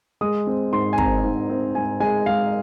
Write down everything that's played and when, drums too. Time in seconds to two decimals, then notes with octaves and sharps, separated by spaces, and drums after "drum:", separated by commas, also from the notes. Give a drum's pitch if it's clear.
0.21 G#3 D#6
0.47 C4
0.72 G#2 C6
0.93 G#5
0.98 C4 A#5, drum: kick
1.24 G#2
1.49 C4
1.75 G#2 G#5
2.00 G#3 G#5
2.26 G#3 F5